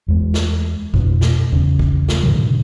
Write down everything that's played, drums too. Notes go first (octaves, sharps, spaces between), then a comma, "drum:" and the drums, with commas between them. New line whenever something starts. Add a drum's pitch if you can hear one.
E2 G#3
drum: snare
F2 B2, drum: kick
drum: snare
E2 C#3
drum: kick
drum: snare
G#2 B2 D3 F#3